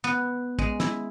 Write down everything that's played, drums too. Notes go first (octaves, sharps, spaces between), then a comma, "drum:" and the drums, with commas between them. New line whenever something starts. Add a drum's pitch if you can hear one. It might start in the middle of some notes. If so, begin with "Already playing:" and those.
B3
G#3, drum: kick
E4, drum: snare